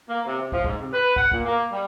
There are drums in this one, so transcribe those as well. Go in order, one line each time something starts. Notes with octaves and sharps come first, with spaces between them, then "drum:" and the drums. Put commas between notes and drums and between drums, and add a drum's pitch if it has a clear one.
A#3
C3
C3
F3, drum: kick
G#2, drum: kick
C3
B4
F#5, drum: kick
A#2, drum: kick
A#3
G3